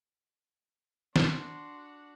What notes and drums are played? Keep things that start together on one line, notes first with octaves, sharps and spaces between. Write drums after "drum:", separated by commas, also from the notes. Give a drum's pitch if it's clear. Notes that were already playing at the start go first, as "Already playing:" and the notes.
D4 F#4 C6, drum: snare